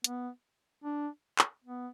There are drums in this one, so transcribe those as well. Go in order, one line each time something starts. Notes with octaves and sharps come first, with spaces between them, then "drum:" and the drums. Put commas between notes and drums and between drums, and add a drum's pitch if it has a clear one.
B3, drum: hi-hat
D4
drum: clap
B3